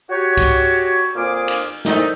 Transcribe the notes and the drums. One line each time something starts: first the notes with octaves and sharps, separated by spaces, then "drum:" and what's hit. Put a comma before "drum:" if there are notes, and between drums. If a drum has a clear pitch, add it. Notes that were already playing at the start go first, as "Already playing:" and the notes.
F#4 G4 C#5
drum: kick C2, cymbal
F2 A#2 A#3 G#4 F5 D6
drum: cymbal
D3 D#3 F3 A3 D#4, drum: snare